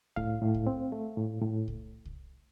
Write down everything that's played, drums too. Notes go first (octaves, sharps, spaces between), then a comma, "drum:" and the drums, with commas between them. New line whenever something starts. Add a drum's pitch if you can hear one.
A2 F5, drum: kick C2
A2
drum: kick C2
C4
A3
A2
A2
drum: kick C2
drum: kick C2